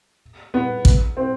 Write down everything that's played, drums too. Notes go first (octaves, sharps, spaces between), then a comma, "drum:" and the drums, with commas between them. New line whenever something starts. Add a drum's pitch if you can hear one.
B3
drum: kick
C4